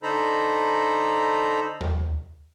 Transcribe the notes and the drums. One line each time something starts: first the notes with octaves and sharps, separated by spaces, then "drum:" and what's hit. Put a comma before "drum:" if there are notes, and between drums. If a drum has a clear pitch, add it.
D3 D#4 A4 C5 A#5 B5
drum: tom D#2